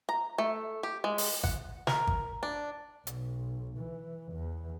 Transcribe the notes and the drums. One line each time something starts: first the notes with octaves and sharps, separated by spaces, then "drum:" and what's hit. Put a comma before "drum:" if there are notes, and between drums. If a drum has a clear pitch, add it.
A#5
A3
G4
G#3
drum: open hi-hat
F#5, drum: kick G#1
A#4, drum: snare
drum: kick G#1
D4
B1, drum: hi-hat
E3
E2